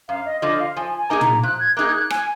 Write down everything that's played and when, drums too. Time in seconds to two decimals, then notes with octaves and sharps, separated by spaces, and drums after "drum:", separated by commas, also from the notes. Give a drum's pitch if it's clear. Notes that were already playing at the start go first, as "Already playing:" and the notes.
0.09 F#2 F5
0.26 D#5
0.42 D3 F3 D#5
0.60 F5
0.76 F3 G#5
0.98 G#5
1.10 A#3 D#4 G#4 A#5
1.21 drum: tom
1.43 F3 F#6
1.60 G#6
1.77 A#3 D#4 G#4 F#6
1.86 G#6
1.94 F#6
2.10 G#5, drum: rim click